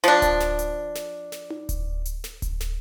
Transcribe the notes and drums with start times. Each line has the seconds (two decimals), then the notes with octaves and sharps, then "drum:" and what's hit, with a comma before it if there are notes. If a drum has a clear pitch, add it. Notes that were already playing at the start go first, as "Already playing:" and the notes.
0.04 F3 D4, drum: snare
0.22 drum: kick D1, hi-hat
0.40 drum: snare
0.59 drum: hi-hat
0.95 drum: snare
1.32 drum: snare
1.50 drum: tom D#4
1.69 drum: kick D1, hi-hat
2.05 drum: hi-hat
2.24 drum: snare
2.42 drum: kick D1, hi-hat
2.60 drum: snare